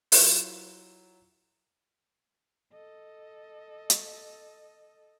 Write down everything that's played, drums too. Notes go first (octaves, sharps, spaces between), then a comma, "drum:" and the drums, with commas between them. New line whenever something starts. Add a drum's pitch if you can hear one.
F#3 E4 F4, drum: open hi-hat
A4 D#5
drum: hi-hat